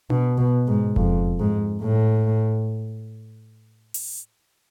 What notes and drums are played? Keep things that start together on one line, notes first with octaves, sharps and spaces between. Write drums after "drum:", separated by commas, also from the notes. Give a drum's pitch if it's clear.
B2, drum: tom D4
B2
G#2
F2, drum: kick E1
G#2
A2
drum: open hi-hat